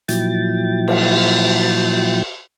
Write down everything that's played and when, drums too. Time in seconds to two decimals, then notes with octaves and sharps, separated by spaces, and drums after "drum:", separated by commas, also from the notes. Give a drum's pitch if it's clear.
0.08 A#2 F3 F#3 E4 G5 A6, drum: hi-hat
0.88 drum: cymbal